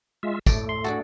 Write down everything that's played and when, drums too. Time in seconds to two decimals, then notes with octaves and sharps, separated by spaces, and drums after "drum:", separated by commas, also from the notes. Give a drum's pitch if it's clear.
0.23 G#3 F4 E5
0.46 A2 A3 D5, drum: kick, tambourine
0.69 C6
0.84 D4 F#4 G#4 A4